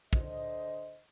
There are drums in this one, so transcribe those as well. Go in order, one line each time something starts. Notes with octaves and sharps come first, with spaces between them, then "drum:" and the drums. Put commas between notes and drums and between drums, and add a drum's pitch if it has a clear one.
D3 C5 D#5, drum: kick